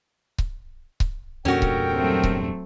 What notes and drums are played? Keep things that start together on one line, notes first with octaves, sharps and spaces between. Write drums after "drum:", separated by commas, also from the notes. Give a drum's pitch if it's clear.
drum: kick C#1
drum: kick C#1
E2 G2 A#2 C#4 F#4 A4 A#4 G5
drum: kick C#1
F#3 A3 C4
drum: kick C#1